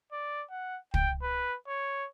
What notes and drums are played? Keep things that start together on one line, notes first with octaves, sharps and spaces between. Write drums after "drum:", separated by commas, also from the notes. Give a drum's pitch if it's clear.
D5
F#5
G5, drum: kick
B4
C#5